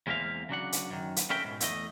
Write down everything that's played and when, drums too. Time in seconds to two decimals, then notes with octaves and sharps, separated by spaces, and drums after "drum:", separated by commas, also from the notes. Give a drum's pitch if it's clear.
0.07 E2 G#3 A#3 C4 E5 F5
0.49 C#3 F#3 D4 F#5
0.72 drum: hi-hat
0.90 F#2 D#3
1.16 drum: hi-hat
1.30 C#4 A4 A#4 E5 G5
1.44 G#2 B2
1.60 E2 A3 D#5, drum: hi-hat